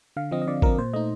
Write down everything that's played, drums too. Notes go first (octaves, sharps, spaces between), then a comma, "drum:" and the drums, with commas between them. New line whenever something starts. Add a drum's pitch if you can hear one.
D3 F5
F3 C4 D#5
D#5
D3 D5
F3 C4 A#4, drum: kick G#1
A#2 C5
A3 D#4 D#5